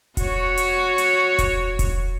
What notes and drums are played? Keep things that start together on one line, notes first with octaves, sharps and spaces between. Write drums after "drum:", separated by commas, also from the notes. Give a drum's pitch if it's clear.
F#4 C#5, drum: kick E1, hi-hat
drum: hi-hat
drum: hi-hat
drum: kick E1, hi-hat
drum: kick E1, hi-hat